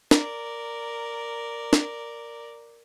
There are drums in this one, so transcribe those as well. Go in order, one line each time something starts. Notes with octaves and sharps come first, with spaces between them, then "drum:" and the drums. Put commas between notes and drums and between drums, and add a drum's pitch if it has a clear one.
A#4 D5, drum: snare
drum: snare